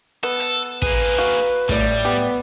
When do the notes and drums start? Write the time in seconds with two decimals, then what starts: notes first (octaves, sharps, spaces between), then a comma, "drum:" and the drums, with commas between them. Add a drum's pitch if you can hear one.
0.23 B3 A4
0.40 drum: hi-hat
0.82 A#3 G#4 B4, drum: kick
1.18 F#4 F5
1.69 A2 G3 D5, drum: kick, hi-hat
2.05 B3 G4